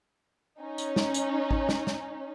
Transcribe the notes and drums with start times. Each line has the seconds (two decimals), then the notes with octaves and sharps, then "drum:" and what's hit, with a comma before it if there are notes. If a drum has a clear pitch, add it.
0.60 C#4 D#4
0.78 drum: hi-hat
0.96 drum: snare
1.14 drum: hi-hat
1.51 drum: kick G#1
1.69 drum: snare
1.87 drum: snare